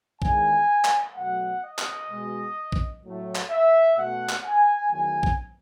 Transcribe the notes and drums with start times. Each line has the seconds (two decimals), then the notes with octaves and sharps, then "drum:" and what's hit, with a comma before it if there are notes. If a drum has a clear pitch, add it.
0.22 E2 D#3 G#3 G#5, drum: kick
0.84 drum: clap
1.15 B2 F#3 A3 F#5
1.63 D#5
1.78 drum: clap
2.09 B2 G#3
2.72 drum: kick
3.04 A2 F#3 A3
3.35 drum: clap
3.51 E5
3.97 B2 A3 F#5
4.29 drum: clap
4.45 G#5
4.92 E2 D#3 F#3 A3 G#5
5.23 drum: kick